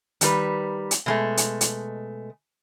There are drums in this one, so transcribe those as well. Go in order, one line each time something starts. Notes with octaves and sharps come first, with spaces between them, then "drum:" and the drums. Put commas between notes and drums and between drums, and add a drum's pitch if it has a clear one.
D#3 G3 B4, drum: hi-hat
drum: hi-hat
B2 G#3 A3
drum: hi-hat
drum: hi-hat